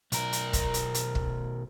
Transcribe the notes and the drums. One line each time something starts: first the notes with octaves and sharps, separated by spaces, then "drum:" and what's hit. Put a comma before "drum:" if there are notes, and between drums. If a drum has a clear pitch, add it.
B1 A#4, drum: hi-hat
drum: hi-hat
drum: kick, hi-hat
drum: hi-hat
drum: hi-hat
drum: kick